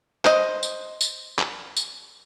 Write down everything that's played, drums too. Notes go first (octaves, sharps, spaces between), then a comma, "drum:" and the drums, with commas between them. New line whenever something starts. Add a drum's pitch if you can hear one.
C5 D#5, drum: clap
drum: tambourine
drum: tambourine
drum: clap
drum: tambourine